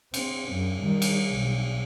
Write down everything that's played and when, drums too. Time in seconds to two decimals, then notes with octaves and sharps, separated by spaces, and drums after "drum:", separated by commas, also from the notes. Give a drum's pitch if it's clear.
0.14 C4, drum: cymbal
0.51 F#2
0.80 D#3 G3
1.02 drum: cymbal
1.31 B1